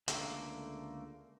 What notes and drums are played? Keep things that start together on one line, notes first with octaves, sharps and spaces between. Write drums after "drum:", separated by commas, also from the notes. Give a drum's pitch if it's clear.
C#2 D3 A3 A#3, drum: hi-hat